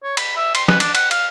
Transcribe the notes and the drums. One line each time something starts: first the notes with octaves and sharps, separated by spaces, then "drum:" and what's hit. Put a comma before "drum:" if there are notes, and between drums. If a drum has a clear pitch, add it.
C#5
B5, drum: cymbal
E5
C6, drum: cymbal
B4, drum: snare
D4, drum: cymbal
F#5, drum: cymbal
F5, drum: cymbal